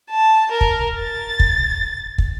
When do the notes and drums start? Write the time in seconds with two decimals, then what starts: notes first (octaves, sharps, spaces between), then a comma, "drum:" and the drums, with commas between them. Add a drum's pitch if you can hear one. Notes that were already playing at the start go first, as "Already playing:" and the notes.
0.10 A5
0.52 A#4
0.61 drum: kick
1.00 A6
1.40 drum: kick
2.18 drum: kick